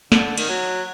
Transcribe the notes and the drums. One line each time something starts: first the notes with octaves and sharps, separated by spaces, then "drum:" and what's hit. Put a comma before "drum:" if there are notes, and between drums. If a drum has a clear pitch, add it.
D3, drum: snare
D#3, drum: cymbal
F#3